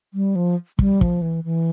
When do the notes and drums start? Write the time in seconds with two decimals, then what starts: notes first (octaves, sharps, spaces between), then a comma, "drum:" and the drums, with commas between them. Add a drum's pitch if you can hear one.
0.14 G3
0.35 F3
0.79 G3, drum: kick
1.01 F3, drum: kick
1.22 E3
1.44 E3